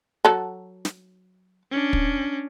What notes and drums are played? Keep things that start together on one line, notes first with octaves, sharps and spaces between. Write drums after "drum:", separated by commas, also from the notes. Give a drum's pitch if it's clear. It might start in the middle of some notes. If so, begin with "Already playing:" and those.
F#3 F#4 A4
drum: snare
C#4 D4
drum: kick